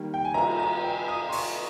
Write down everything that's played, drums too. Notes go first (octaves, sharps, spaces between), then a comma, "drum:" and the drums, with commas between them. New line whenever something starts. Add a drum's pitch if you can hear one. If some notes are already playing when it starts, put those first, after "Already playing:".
Already playing: D#3 G3 A#3
G5
G#5
A#5, drum: cymbal
A#5
G5
D#6
C6
C#6, drum: open hi-hat